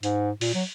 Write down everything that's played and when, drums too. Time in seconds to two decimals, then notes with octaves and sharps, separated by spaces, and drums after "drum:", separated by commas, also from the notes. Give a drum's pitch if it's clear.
0.03 G#2, drum: hi-hat
0.41 A#2, drum: open hi-hat
0.54 F#3